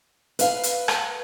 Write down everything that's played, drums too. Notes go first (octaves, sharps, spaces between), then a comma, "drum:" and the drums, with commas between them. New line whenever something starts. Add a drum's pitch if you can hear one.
B4 F5, drum: hi-hat
drum: hi-hat
drum: rim click